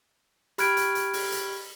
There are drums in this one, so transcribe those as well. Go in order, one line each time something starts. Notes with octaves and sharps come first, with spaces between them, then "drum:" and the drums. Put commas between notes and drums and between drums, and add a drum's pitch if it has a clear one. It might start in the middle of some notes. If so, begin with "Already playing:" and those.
G4 B5 F6 F#6 G#6 D7, drum: hi-hat
drum: hi-hat
drum: hi-hat
drum: open hi-hat
drum: hi-hat